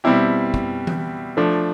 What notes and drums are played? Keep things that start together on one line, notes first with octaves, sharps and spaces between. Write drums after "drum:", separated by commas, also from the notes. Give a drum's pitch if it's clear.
B2 G3 C4 E4 G4
drum: kick
drum: tom E3
F3 A3 D4